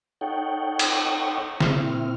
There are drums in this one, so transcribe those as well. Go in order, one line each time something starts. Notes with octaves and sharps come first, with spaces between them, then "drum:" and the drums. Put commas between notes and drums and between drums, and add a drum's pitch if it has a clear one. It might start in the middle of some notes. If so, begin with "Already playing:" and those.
D#4 A4 C#5 F#5 G5
drum: cymbal
A#2 C4 E4 F6, drum: snare